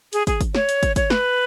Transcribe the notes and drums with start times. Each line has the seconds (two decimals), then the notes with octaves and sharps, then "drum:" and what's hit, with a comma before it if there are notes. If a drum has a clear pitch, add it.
0.13 G#4, drum: hi-hat
0.27 G#4, drum: kick, hi-hat
0.41 drum: kick, hi-hat
0.55 C#5, drum: snare
0.69 drum: hi-hat
0.83 drum: kick, hi-hat
0.96 C#5, drum: kick, hi-hat
1.10 B4, drum: snare